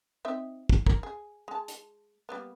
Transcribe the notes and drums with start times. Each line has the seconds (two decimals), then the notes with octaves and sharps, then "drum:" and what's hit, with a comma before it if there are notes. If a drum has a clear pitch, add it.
0.25 C4 D#4 E5
0.69 drum: kick
0.87 A#4, drum: kick
1.03 G#4
1.48 G#3 A5
1.68 drum: hi-hat
2.29 G3 A#3 B3